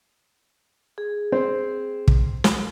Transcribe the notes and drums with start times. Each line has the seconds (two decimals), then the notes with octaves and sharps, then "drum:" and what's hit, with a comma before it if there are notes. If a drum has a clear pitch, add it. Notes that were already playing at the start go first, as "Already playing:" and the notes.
0.98 G#4
1.32 C4 C5
2.08 drum: kick
2.44 drum: snare